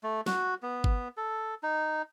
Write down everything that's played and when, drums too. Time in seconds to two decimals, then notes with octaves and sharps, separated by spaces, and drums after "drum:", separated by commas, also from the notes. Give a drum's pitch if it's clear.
0.03 A3
0.26 F#4, drum: snare
0.63 B3
0.84 drum: kick G1
1.17 A4
1.63 D#4